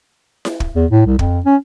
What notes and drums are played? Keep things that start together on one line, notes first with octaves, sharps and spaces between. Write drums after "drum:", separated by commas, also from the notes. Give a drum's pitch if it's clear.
drum: snare E4
drum: kick
E2
A2
C2
F2, drum: kick
C#4